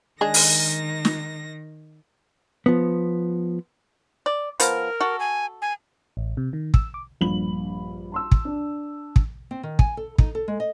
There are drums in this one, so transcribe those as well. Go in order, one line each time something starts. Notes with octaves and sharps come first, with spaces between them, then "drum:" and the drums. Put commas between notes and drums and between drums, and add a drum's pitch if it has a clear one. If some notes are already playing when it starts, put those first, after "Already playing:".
D#3 G#3 D4 G#4 A#6
drum: open hi-hat
drum: snare
F3 B3
D5
F3 B3 A#4, drum: hi-hat
F#4 A4
G#5
G#5
A1
C3
D#3
E6, drum: kick
D6
A#1 G2 B5 F#7
A5 C6 E6
drum: kick
D4
drum: kick
C4
D#3
G#5, drum: kick
A4
D#4, drum: kick
A4
G#3
D#5